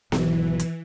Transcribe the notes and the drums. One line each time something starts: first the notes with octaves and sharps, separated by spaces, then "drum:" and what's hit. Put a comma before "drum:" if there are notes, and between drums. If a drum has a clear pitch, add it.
G#1 B2 E3 F#3, drum: snare B3
drum: hi-hat